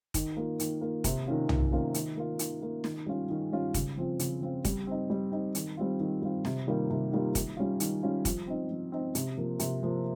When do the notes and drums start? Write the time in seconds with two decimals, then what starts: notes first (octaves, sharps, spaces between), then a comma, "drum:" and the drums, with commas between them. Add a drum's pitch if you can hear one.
0.14 D#3, drum: kick, hi-hat
0.37 A#3 F4
0.60 D#3, drum: hi-hat
0.81 A#3 F4
1.04 C3, drum: kick, hi-hat
1.27 D#3 A#3 C#4 F4
1.49 C3, drum: tom
1.72 D#3 A#3 C#4 F4
1.94 D#3, drum: hi-hat
2.17 A#3 F4
2.39 D#3, drum: hi-hat
2.62 A#3 F4
2.84 D#3, drum: snare
3.06 G3 C#4 F4
3.30 D#3
3.52 G3 C#4 F4
3.74 C#3, drum: kick, hi-hat
3.98 F3 C4 F4
4.19 C#3, drum: hi-hat
4.41 F3 C4 F4
4.65 G3, drum: kick, hi-hat
4.87 C4 D#4
5.10 G3
5.32 C4 D#4
5.55 D#3, drum: hi-hat
5.77 G3 C4 F4
6.00 D#3
6.22 G3 C4 F4
6.45 C3, drum: snare
6.67 D#3 G3 A#3 F4
6.90 C3
7.12 D#3 G3 A#3 F4
7.35 D#3, drum: kick, hi-hat
7.57 G3 C#4 F4
7.80 D#3, drum: hi-hat
8.03 G3 C#4 F4
8.25 F3, drum: kick, hi-hat
8.47 C4 D#4
8.70 F3
8.92 C4 D#4
9.15 C3, drum: hi-hat
9.37 F3 A#3
9.59 C3, drum: hi-hat
9.83 F3 A#3